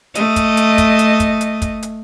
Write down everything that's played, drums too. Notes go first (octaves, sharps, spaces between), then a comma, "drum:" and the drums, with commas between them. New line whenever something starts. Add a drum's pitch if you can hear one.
A3 D#5, drum: hi-hat
drum: kick, hi-hat
drum: hi-hat
drum: kick, hi-hat
drum: hi-hat
drum: kick, hi-hat
drum: hi-hat
drum: kick, hi-hat
drum: hi-hat